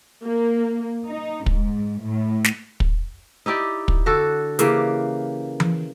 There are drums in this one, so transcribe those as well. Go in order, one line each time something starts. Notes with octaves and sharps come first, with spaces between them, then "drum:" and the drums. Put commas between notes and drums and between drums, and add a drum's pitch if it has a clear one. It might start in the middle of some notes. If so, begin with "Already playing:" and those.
A#3
D#4
G#2, drum: kick
A2
drum: snare
drum: kick
D#4 E4 G4 D5
drum: kick
D3 F#4 A4
C#3 E3 A#3 G4, drum: hi-hat
drum: tom E3